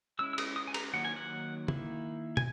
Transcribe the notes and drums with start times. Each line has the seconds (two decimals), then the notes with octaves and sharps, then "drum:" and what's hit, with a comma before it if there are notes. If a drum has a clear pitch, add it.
0.19 G#3 C#4 E4 E6
0.33 E6
0.38 D#6, drum: cymbal
0.56 D#6
0.68 G#5
0.74 A#5, drum: cymbal
0.93 D#3 F#3 A#3 D#4 F#5
1.05 G#5
1.16 F#5
1.68 D#3 A#3 E4, drum: tom
2.37 G#5, drum: tom